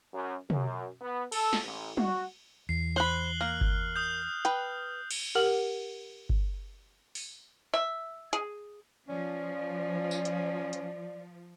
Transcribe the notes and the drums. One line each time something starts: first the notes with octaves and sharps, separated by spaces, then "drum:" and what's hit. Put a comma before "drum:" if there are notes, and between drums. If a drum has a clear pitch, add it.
F#2
F#2, drum: tom
B3
A4, drum: cymbal
drum: snare
A1
F#4, drum: tom
E2 C7
C5 B5 F#6 F#7 G7
A#3 F6
drum: kick G1
D#6 G6
B4 G5, drum: hi-hat
drum: cymbal
G4 A#4 F#5 F6 F#7
drum: kick G1
drum: open hi-hat
E5
G#4, drum: hi-hat
F3 C#4 D5
drum: tambourine
drum: hi-hat
drum: hi-hat